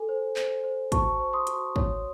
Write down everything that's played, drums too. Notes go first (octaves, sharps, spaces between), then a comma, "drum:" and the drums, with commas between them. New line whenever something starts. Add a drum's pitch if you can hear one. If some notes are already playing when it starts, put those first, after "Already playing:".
Already playing: A4 G#5
C5
C5, drum: clap
C5
F#4 A5 C#6, drum: kick, hi-hat
C5
C6 D#6
F#4, drum: hi-hat
C#5, drum: kick